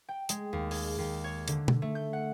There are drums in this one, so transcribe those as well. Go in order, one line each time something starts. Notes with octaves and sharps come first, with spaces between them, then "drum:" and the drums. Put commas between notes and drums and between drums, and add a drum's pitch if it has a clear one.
G5
G#3, drum: hi-hat
D#2
G#4, drum: open hi-hat
D#2
C#5
D3, drum: hi-hat
drum: tom
A3
G6
F#5